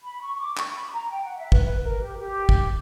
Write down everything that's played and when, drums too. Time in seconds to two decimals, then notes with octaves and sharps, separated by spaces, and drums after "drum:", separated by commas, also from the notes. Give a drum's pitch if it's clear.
0.03 B5
0.21 C#6
0.39 D6
0.57 C#6, drum: clap
0.75 B5
0.93 A#5
1.11 G5
1.25 F#5
1.38 E5
1.52 B4, drum: kick
1.65 B4
1.83 A#4
2.00 G4
2.19 G4
2.49 drum: kick